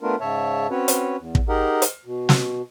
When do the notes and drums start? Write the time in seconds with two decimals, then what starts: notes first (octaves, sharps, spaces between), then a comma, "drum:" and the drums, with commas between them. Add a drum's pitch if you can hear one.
0.01 A3 B3 D4 F4 A#4
0.20 G#2 C#3 C#5 E5 A5
0.70 C4 C#4 F#4 B4 C#5
0.88 drum: hi-hat
1.19 E2
1.35 drum: kick
1.49 D#4 G4 G#4 A#4 D#5 F#5
1.82 drum: hi-hat
2.05 B2
2.29 drum: snare